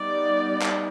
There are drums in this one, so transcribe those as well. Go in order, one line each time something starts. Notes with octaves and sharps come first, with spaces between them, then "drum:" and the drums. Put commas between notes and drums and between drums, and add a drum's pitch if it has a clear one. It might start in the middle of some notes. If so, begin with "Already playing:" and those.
Already playing: G3 B3 D#4 D5
drum: clap